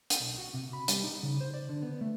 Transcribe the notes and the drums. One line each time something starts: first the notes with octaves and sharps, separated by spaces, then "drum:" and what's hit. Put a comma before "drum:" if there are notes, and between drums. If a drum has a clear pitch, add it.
drum: hi-hat
B1
F#4
C3
B5
G3, drum: hi-hat
D#4
C#3
C5
D5
D3
B3
A3